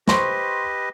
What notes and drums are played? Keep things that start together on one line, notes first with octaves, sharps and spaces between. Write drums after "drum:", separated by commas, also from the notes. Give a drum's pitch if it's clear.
G4 B4 C5 D#5 C6 C#6, drum: snare